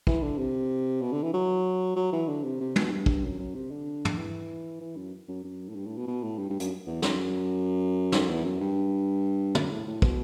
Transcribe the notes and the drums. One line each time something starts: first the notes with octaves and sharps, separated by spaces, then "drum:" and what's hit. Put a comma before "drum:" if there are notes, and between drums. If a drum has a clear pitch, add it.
E3, drum: kick
D3
C3
B2
D3
E3
F#3
F#3
E3
D3
C3
C3
B2, drum: tom
G2
drum: kick
F#2
F#2
C3
D3
drum: tom
E3
E3
F#2
F#2
F#2
A2
G2
A2
B2
B2
A2
G2
G2
F#2, drum: hi-hat
E2
F#2, drum: snare
drum: snare
E2
F#2
G2
F#2, drum: tom
A2
A2
B2, drum: kick